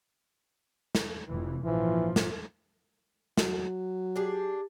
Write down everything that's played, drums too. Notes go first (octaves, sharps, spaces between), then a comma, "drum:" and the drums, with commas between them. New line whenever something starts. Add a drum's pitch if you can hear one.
drum: snare
F1 F2 E3
A#1 G#2 E3 F3
drum: snare
F#3, drum: snare
D4 G4 G#4